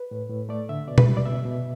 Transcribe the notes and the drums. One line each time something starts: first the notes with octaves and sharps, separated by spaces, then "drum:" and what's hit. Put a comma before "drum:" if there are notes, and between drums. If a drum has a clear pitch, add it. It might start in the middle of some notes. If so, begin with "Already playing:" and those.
Already playing: B4
A2
A2
A3 D5
D3 E5
B2 D5
B4, drum: tom
G3
D5
B2 E5
B2